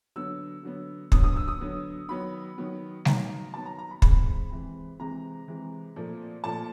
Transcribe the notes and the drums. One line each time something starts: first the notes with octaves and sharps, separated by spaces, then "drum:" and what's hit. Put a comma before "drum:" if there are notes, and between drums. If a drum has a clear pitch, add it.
D3 F#3 B3 E6
D3 F#3 B3
D3 F#3 B3 D#6, drum: kick
D#6
E6
D#6
D3 F#3 B3
D#3 F#3 B3 B5
D#3 F#3 B3
D#3 F#3 B3 A#5, drum: snare G3
D#3 F#3 B3 A5
A#5
A#5
B5
C3 E3 G#3 C4 B5, drum: kick
C3 E3 G#3 C4
C3 E3 G#3 C4 A#5
C3 E3 G#3 C4
A#2 F3 A3
A#2 F3 A3 A5